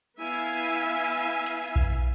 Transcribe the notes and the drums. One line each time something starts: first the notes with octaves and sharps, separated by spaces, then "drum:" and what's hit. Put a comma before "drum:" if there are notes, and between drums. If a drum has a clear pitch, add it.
B3 E4 E5 F5 G#5
drum: hi-hat
drum: kick A#1